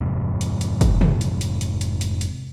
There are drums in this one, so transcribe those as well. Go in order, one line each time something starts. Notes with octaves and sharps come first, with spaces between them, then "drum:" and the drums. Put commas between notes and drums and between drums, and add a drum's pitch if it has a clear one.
F1 G#2 C3
drum: hi-hat
drum: hi-hat
drum: kick, hi-hat
drum: tom
drum: hi-hat
drum: hi-hat
drum: hi-hat
drum: hi-hat
drum: hi-hat
drum: hi-hat